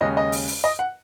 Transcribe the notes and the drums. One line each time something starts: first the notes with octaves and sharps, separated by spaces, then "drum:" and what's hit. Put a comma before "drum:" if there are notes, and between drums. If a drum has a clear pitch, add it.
D#2 C#3 G#3 C#4 D#5
D#5
drum: open hi-hat
drum: open hi-hat
D#5
F#5